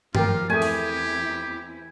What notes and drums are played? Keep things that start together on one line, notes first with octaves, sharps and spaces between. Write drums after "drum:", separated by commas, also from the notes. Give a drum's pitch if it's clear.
F3 F#3 A#3 F4 G4 A#4, drum: tom
E2 A3 C4 E4 G4 G#4 G#5
drum: open hi-hat